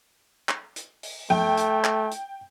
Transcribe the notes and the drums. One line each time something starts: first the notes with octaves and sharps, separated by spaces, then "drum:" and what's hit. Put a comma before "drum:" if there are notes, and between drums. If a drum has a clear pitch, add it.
drum: clap
drum: hi-hat
drum: open hi-hat
A3 G5, drum: tom F3
drum: hi-hat
drum: clap
drum: hi-hat